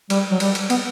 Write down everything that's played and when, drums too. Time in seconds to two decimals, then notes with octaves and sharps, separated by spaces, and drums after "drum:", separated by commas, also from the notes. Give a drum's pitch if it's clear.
0.10 G3, drum: cymbal
0.31 F#3
0.40 G3, drum: cymbal
0.55 drum: cymbal
0.70 B3, drum: cymbal